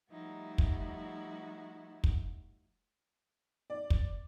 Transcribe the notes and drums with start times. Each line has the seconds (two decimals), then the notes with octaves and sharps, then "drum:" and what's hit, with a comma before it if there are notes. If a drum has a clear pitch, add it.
0.11 F3 G3 A3 D#4 E4 F#4
0.58 drum: kick
2.04 drum: kick
3.70 D5
3.90 drum: kick